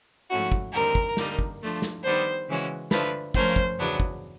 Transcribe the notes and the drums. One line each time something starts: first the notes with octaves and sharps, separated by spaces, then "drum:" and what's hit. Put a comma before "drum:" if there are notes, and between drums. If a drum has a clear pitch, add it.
G#2 F3 A3 C#4 E4 F#4
drum: kick
D#2 D3 G3 C4 D#4 A#4
drum: kick
D3 G3 A#3 D#4, drum: snare
drum: kick
F3 A3 D4 F4
drum: snare
D#3 G3 B3 D4 C5
C#3 E3 G#3 C#4 F#4
D3 F3 A3 B4, drum: snare
F3 A3 C#4 F4 A#4 C5, drum: kick
drum: kick
E2 C#3 F#3 B3 D4
drum: kick